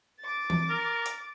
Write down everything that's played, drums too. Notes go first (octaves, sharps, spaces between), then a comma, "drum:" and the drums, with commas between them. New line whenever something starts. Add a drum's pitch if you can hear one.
D6 A6
drum: tom E3
A#4
drum: hi-hat